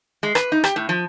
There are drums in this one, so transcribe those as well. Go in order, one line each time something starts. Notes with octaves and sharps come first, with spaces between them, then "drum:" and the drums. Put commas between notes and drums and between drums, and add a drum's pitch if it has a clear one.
G#3
B4, drum: rim click
D#4
G4, drum: rim click
A2
F3